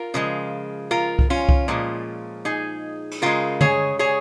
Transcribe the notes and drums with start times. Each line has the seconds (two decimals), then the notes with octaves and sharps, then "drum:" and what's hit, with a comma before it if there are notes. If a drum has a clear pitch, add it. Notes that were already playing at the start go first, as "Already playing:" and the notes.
Already playing: F4 A#4
0.14 C#3 F3 G#3
0.91 F4 A#4
1.19 drum: kick C2
1.30 C#4 F4
1.49 drum: kick C2
1.68 A#2 F3 G#3
2.45 D#4 G#4
3.11 drum: cymbal
3.22 C#3 G#3 F4 A#4
3.61 G#4 C#5, drum: tom
3.99 G#4 C#5